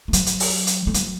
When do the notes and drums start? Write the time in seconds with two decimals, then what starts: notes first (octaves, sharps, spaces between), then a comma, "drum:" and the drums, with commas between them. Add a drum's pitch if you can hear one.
0.08 A3
0.13 F#3, drum: hi-hat
0.26 drum: hi-hat
0.40 drum: open hi-hat
0.67 drum: hi-hat
0.87 A3
0.94 F#3, drum: hi-hat